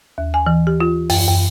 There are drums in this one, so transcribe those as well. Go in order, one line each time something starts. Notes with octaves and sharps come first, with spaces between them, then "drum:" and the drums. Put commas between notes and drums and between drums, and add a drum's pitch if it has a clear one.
D#2
G#5
E3
G4
F4
F#2, drum: open hi-hat
F#2